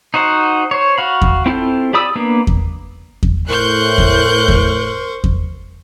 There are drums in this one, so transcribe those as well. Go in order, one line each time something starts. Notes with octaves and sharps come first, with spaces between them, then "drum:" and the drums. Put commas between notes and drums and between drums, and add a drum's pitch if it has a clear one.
D#4 F#4 C5 F#5
C5 C#5
F#4 F5 B5
drum: kick E2
C4 E4 F4 A4 C5
G4 D5 B5 D#6 E6
A#3 B3 D4
drum: kick E2
drum: kick E2
A2 A#4 C5 C#6 F#6 G6
drum: kick E2
drum: kick E2
drum: kick E2